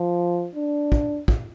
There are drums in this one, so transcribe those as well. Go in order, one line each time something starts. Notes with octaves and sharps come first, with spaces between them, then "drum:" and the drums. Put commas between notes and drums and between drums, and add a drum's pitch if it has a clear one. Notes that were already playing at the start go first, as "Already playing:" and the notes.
Already playing: F3
D4
drum: kick
drum: kick